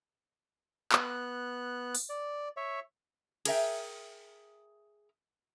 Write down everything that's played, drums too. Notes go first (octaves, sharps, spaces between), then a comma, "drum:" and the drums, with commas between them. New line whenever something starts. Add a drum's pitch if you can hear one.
B3 F#6, drum: clap
drum: open hi-hat
D5
C#5 E5
G#4 A#4 E5 G5, drum: cymbal